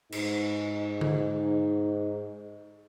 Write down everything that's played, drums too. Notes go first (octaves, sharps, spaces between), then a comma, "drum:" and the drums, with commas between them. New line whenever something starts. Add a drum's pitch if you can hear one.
G#2 D#4, drum: cymbal
drum: tom D3